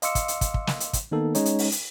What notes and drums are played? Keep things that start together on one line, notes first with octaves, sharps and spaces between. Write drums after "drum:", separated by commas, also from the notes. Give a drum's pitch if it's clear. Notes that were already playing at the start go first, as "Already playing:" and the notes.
D#5 F5 C6 D6 E6 C#7, drum: hi-hat
drum: kick, hi-hat
drum: hi-hat
drum: kick, hi-hat
drum: kick
drum: snare
drum: hi-hat
drum: kick, hi-hat
D#3 A#3 B3 D#4 A4
G#3 C#4 D#4 C#5, drum: hi-hat
drum: hi-hat
drum: open hi-hat
drum: hi-hat